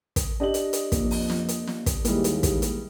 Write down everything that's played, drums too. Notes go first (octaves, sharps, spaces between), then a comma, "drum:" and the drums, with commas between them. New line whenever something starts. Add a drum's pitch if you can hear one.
drum: kick, hi-hat
D4 G4 D#5 F#7
drum: hi-hat
drum: hi-hat
F2 A#3, drum: kick, hi-hat
drum: open hi-hat
drum: snare
drum: hi-hat
drum: snare
drum: kick, hi-hat
D#2 E3 G3 G#3 A#3, drum: hi-hat
drum: hi-hat
drum: kick, hi-hat
drum: hi-hat